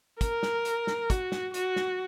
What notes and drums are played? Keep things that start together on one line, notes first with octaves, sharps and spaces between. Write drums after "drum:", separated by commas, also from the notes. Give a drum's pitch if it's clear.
A#4, drum: kick, hi-hat
drum: snare
drum: hi-hat
drum: snare
F#4, drum: kick, hi-hat
drum: snare
F#4, drum: hi-hat
drum: snare